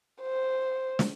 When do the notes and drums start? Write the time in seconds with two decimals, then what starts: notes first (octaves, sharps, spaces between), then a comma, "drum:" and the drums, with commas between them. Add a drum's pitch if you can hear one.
0.21 C5
0.99 drum: snare